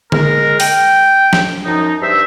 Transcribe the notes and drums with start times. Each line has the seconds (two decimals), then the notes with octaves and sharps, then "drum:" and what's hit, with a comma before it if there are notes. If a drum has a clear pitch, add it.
0.12 G#3 A#4, drum: tom D3
0.60 G5, drum: open hi-hat
1.33 drum: snare
1.66 F#2 F3 D#4
2.02 G2 C5 E5